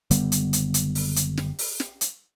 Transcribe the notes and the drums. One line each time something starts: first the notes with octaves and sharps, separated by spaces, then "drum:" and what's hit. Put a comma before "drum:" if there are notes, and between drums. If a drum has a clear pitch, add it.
F#1 D3 G3 B3, drum: hi-hat
drum: hi-hat
drum: hi-hat
drum: hi-hat
drum: open hi-hat
drum: hi-hat
drum: snare
drum: open hi-hat
drum: snare
drum: hi-hat